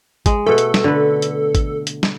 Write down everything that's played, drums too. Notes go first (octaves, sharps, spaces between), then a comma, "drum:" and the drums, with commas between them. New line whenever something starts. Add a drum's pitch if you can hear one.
G#3, drum: kick G#1, hi-hat
B2 A3 A4
drum: hi-hat
drum: snare
D3 B4
drum: hi-hat
drum: kick G#1, hi-hat
drum: hi-hat
drum: snare